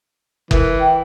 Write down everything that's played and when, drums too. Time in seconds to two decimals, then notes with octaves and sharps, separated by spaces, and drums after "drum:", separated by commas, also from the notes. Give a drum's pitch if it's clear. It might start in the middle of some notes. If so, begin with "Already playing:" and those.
0.51 E3 A#4, drum: kick F#1
0.79 G5